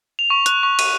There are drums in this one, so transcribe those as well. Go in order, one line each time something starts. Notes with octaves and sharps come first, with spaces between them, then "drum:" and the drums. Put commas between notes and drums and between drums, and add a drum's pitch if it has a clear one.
F7
C#6
F#6, drum: hi-hat
C#6
D#7, drum: cymbal